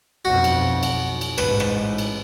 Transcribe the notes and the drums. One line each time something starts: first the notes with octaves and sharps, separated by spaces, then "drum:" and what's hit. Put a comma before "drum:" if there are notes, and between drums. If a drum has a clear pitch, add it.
B1 F2 F#4
drum: cymbal
drum: cymbal
drum: cymbal
A1 G#2 B4, drum: rim click
drum: rim click
drum: cymbal